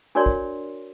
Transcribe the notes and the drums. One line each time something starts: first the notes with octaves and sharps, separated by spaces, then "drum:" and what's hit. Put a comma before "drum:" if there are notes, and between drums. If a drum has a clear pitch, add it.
D4 F#4 A#4 C#5 D5 C6
drum: kick A1